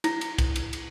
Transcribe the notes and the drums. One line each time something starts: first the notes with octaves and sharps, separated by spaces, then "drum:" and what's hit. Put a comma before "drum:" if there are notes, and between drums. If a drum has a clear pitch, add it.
E4, drum: cymbal
drum: cymbal
drum: kick, cymbal
drum: cymbal
drum: cymbal